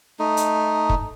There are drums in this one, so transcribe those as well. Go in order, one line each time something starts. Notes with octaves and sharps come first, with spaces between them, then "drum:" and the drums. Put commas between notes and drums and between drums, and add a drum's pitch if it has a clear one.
A3 D#4
drum: hi-hat
drum: kick